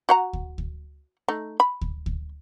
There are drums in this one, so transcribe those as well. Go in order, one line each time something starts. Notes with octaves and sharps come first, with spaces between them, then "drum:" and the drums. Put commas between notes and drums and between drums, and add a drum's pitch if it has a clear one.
F#4 F#5 A#5
drum: kick D2
drum: kick D2
A3 D#4
B5
drum: kick D2
drum: kick D2